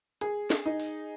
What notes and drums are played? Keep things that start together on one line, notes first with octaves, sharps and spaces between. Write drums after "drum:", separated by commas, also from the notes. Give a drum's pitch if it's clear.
G#4, drum: hi-hat
drum: snare
D#4
drum: open hi-hat